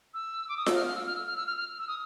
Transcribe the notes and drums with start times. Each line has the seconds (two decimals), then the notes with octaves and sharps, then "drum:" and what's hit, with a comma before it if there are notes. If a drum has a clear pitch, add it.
0.14 E6
0.49 D6
0.57 D#6
0.66 E6, drum: snare F4
0.75 F6
0.86 F6
0.95 E6
1.07 F6
1.16 E6
1.26 F6
1.37 E6
1.47 F6
1.58 F6
1.78 E6
1.88 D#6